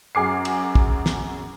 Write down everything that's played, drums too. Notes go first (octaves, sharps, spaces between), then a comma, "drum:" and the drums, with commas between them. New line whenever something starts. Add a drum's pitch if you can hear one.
F#2 G#4 D6 C7
drum: cymbal
drum: kick
drum: snare